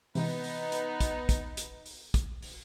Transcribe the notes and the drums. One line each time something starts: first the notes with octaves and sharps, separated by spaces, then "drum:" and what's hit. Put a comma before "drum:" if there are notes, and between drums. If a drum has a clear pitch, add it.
C3 E3 G#3 B3 D#4, drum: open hi-hat
drum: open hi-hat
drum: hi-hat
drum: kick, hi-hat
drum: kick, hi-hat
drum: hi-hat
drum: open hi-hat
drum: kick, hi-hat
drum: open hi-hat